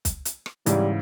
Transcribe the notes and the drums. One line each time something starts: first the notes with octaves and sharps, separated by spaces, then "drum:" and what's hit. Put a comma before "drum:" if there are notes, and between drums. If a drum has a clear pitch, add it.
drum: kick, hi-hat
drum: hi-hat
drum: rim click
G#2 C#3 E3 G3, drum: hi-hat